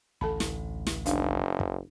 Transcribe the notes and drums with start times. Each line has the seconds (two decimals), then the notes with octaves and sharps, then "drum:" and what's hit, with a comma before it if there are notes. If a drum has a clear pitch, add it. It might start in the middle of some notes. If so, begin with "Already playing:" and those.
0.21 A1 D2 A2 A4 A5 B5
0.40 drum: snare
0.87 drum: snare
1.06 F#1 D4 D#4 F5, drum: hi-hat
1.60 drum: kick